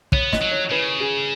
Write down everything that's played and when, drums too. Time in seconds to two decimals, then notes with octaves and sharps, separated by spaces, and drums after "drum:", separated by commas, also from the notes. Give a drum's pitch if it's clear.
0.12 B3 C#5, drum: kick
0.33 D#5, drum: snare
0.42 F#3
0.51 C#5
0.71 C#3 B4
1.00 G#4